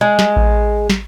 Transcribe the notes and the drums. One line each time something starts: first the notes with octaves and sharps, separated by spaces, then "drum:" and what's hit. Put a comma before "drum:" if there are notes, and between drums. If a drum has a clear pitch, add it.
G#3
drum: snare
drum: kick A1
drum: snare